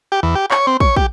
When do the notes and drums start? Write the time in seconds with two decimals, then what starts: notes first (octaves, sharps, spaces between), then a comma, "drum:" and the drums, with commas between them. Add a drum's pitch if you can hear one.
0.12 G4
0.23 E2
0.35 G4
0.51 C#5, drum: clap
0.67 C4
0.80 C#5, drum: kick
0.96 G4, drum: kick